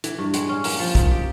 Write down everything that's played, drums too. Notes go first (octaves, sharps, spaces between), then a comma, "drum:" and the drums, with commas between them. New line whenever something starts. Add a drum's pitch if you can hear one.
E3, drum: hi-hat
G2
G#3, drum: hi-hat
C#4
A#3, drum: open hi-hat
F3
D#4, drum: kick, hi-hat
G4